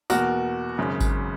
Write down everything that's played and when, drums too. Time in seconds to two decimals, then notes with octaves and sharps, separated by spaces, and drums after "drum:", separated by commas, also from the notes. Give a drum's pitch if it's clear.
0.10 E2 B2 A#3 F#4 A#4, drum: tambourine
0.78 G#1 F#2 C#3
1.01 drum: kick G#1, tambourine